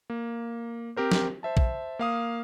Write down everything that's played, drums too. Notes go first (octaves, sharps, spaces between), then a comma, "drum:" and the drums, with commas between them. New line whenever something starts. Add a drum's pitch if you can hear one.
A#3
C4 G4 A#4 C5
drum: snare
C5 E5 A5
drum: kick
A#3 F5 D#6